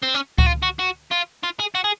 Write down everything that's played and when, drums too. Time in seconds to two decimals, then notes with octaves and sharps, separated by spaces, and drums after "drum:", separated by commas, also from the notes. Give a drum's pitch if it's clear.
0.03 C4
0.15 C#4
0.38 F#4, drum: kick C#2
0.46 F4
0.63 F#4
0.79 F#4
1.11 F4
1.43 F4
1.59 G#4
1.75 F#4
1.84 G#4